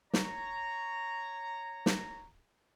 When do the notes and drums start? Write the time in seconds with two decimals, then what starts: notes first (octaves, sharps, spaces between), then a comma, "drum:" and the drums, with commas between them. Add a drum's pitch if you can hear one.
0.13 C#5 A#5, drum: snare
1.86 drum: snare